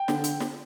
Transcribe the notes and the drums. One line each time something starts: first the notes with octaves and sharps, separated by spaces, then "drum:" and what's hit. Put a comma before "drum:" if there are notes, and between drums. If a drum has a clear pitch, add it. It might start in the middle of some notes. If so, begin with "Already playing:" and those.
Already playing: G5
D3, drum: snare
drum: hi-hat
drum: snare